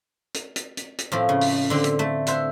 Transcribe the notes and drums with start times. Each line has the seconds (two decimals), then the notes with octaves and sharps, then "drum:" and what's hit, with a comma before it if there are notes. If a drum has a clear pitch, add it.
0.34 drum: hi-hat
0.56 drum: hi-hat
0.77 drum: hi-hat
0.98 drum: hi-hat
1.12 A2 F3 C4
1.29 C#3
1.41 drum: open hi-hat
1.70 D3 C4
1.84 drum: hi-hat
1.99 A3
2.27 C5 E5 F#5, drum: hi-hat